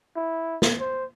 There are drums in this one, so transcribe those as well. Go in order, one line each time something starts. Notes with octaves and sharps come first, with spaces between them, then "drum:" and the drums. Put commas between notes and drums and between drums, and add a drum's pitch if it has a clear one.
E4
drum: snare
C5